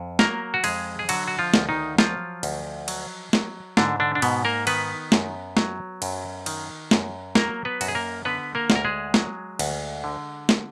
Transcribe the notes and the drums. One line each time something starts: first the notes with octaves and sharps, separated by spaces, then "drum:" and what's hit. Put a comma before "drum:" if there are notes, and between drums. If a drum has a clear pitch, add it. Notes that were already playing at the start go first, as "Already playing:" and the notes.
Already playing: F2
F#3 A#3 A#4, drum: snare
F#4
F2 G#3 G#4, drum: cymbal
G#4
D3 F#3 F#4, drum: cymbal
F#4
F3 F4
D2, drum: snare
D#3 D#4
F3 F#3 F4, drum: snare
D2, drum: cymbal
F#3, drum: cymbal
F#3, drum: snare
G#2 D3 D4, drum: snare
D3 D4
D4
G#2 B2 B3, drum: cymbal
A#3 A#4
D#3 B3 B4, drum: cymbal
F#2, drum: snare
F#3, drum: snare
F#2, drum: cymbal
D#3, drum: cymbal
F#2, drum: snare
F#3 A#3 A#4, drum: snare
B3 B4
F#2 F#4, drum: cymbal
G#4
A#3 A#4
D3 B3 B4
A#3 A#4
D2, drum: snare
A#4
G#3 G#4
F#3, drum: snare
D2, drum: cymbal
D3
drum: snare